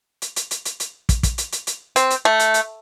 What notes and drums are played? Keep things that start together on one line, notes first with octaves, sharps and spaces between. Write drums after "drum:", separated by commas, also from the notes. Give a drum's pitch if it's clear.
drum: hi-hat
drum: hi-hat
drum: hi-hat
drum: hi-hat
drum: hi-hat
drum: kick, hi-hat
drum: kick, hi-hat
drum: hi-hat
drum: hi-hat
drum: hi-hat
C4, drum: hi-hat
drum: hi-hat
A3
drum: hi-hat
drum: hi-hat